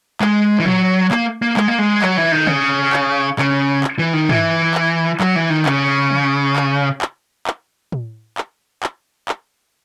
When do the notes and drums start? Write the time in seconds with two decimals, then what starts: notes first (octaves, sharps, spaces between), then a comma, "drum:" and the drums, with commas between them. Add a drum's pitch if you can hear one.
0.21 G#3, drum: clap
0.60 E3
0.65 F#3, drum: tom
1.11 A#3, drum: clap
1.42 A#3
1.57 G#3, drum: clap
1.68 A#3
1.78 G#3
2.02 F#3, drum: clap
2.17 E3
2.32 D#3
2.47 C#3, drum: tom
2.93 drum: clap
3.39 C#3, drum: clap
3.84 drum: clap
3.99 E3
4.13 D#3
4.29 E3, drum: tom
4.75 drum: clap
5.20 F#3, drum: clap
5.36 E3
5.50 D#3
5.66 C#3, drum: clap
6.11 drum: tom
6.56 drum: clap
7.02 drum: clap
7.47 drum: clap
7.92 drum: tom
8.38 drum: clap
8.83 drum: clap
9.29 drum: clap